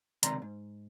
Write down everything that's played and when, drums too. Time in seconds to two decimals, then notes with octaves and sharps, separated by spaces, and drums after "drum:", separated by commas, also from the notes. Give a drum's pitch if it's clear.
0.23 C#2 C3 D#3 D5 A#5 C6, drum: hi-hat
0.42 G#2